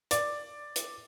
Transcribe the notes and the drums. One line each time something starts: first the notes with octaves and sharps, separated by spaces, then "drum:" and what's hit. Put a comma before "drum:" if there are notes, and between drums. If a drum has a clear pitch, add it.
D5, drum: hi-hat
drum: hi-hat